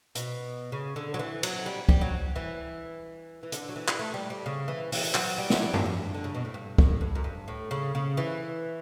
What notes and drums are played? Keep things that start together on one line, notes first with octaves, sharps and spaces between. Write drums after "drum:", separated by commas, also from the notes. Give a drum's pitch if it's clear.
B2, drum: hi-hat
C#3
D3
F#3
E3
F#3, drum: cymbal
G3
G3, drum: kick
F#3
E3
E3
D3, drum: hi-hat
F#3
E3
G3, drum: clap
A3
G3
G3
C#3
E3
E3, drum: open hi-hat
F#3, drum: clap
G3
F#3, drum: snare
G3
A2, drum: tom F#2
G2
D3
C#3
B2
A2
G2
A2, drum: kick
G2
F#2
G2
A2
C#3
C#3
E3